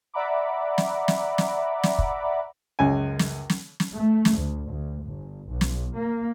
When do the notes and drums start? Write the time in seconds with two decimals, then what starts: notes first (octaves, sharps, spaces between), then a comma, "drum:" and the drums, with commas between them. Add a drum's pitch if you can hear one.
0.14 D5 E5 F#5 A#5 B5 D6
0.78 drum: snare
1.08 drum: snare
1.38 drum: snare
1.83 drum: snare
1.99 drum: kick
2.79 C#2 F#2 G#5
3.19 drum: snare
3.50 drum: snare
3.80 drum: snare
3.95 A3
4.25 drum: snare
4.36 D2
4.68 D2
5.03 G1
5.49 B1
5.61 drum: snare
5.95 A#3